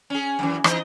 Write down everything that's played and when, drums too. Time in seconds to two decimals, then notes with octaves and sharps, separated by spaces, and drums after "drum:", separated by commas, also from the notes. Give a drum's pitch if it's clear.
0.10 C#4 G#4
0.39 F#2 D3 E3
0.64 E3 D#4 D#5, drum: rim click